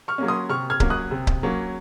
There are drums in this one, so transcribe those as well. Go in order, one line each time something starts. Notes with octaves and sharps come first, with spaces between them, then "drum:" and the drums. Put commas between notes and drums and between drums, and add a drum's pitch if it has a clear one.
C#6 F6
F#3 A#3 C#4
C6 D#6
C3 C#6 F6
F6 G#6
F#3 A#3 C#4, drum: kick C#1
D#6 F#6
C3
drum: kick C#1
F#3 A#3 C#4